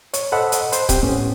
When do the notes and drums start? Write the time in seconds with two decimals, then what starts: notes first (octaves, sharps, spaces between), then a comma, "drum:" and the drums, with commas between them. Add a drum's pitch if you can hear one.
0.14 C#5, drum: hi-hat
0.32 A4 C5 D#5 F#5 B5 E6
0.52 drum: hi-hat
0.72 C5, drum: hi-hat
0.89 C4 G4, drum: kick C#1, hi-hat
1.03 A2 B3 C#4